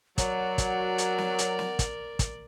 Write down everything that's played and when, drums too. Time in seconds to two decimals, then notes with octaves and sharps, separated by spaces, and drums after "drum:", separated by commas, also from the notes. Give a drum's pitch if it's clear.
0.18 F#3 A#4 D5 F#5, drum: kick, hi-hat
0.58 drum: kick, hi-hat
0.98 drum: hi-hat
1.18 drum: snare
1.39 drum: hi-hat
1.59 drum: snare
1.79 drum: kick, hi-hat
2.19 drum: kick, hi-hat